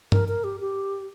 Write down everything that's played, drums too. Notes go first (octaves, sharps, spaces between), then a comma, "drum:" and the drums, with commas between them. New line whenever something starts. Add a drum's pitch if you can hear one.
A#4, drum: tom G2
A#4
G4
G4